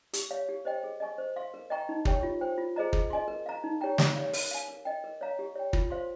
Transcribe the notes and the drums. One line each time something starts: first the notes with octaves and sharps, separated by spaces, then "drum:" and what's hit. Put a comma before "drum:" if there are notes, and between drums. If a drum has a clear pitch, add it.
G4, drum: hi-hat
C#5 F5
G4
C5 D#5 G5
G#4
D#5 G#5 C#6
C5
F5 C6
A#4
D#5 G5 A#5 C#6
D#4
G4 C#5 G5 C#6, drum: kick
F4
C5 G5
F4
G#4 C5 D#5 A#5
G#4, drum: kick
D#5 G#5 C6
A#4
F5 A#5
D#4
G4 C#5 G5 A#5
G4, drum: snare
C#5 F5
A#4, drum: open hi-hat
F5 G#5
A#4
D#5 G5
A#4
C#5 F5 A#5
G4
C#5 G5
F4, drum: kick
C5 F5 C6